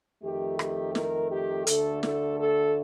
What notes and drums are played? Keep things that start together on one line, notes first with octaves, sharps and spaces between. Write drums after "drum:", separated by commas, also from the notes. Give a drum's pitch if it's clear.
F2 D#3 A3 G4
G4, drum: rim click
A#4, drum: snare
G4
D2 D3 A3 A4, drum: hi-hat
A4, drum: snare
A4